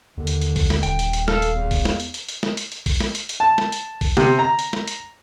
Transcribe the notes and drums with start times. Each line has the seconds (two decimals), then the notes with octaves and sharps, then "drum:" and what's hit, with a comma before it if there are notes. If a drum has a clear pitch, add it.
0.17 D#2 D3
0.27 drum: hi-hat
0.41 drum: hi-hat
0.56 drum: kick A#1, open hi-hat
0.70 drum: snare
0.83 D#1 G5, drum: hi-hat
0.99 drum: hi-hat
1.13 drum: hi-hat
1.28 A4 F5 F6, drum: snare
1.42 drum: hi-hat
1.53 E2
1.71 drum: kick A#1, open hi-hat
1.85 drum: snare
2.00 drum: hi-hat
2.14 drum: hi-hat
2.29 drum: hi-hat
2.43 drum: snare
2.57 drum: hi-hat
2.72 drum: hi-hat
2.86 drum: kick A#1, open hi-hat
3.00 drum: snare
3.15 drum: hi-hat
3.29 drum: hi-hat
3.40 A5
3.58 drum: snare
3.72 drum: hi-hat
4.01 drum: kick A#1, open hi-hat
4.17 C3, drum: snare
4.39 A#5
4.59 drum: hi-hat
4.73 drum: snare
4.87 drum: hi-hat